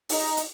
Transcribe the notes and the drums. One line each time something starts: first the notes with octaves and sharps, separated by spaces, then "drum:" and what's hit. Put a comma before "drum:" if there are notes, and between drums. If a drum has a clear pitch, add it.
D#4, drum: open hi-hat
drum: hi-hat